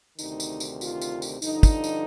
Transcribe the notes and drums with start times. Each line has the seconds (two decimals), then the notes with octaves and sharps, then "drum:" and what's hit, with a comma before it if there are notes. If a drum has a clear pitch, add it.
0.19 D2 C3 D#3 D#4, drum: tambourine
0.40 drum: tambourine
0.60 drum: tambourine
0.81 F4, drum: tambourine
1.01 drum: tambourine
1.22 drum: tambourine
1.42 G2 D3 F3 D#4, drum: tambourine
1.63 drum: kick, tambourine
1.84 drum: tambourine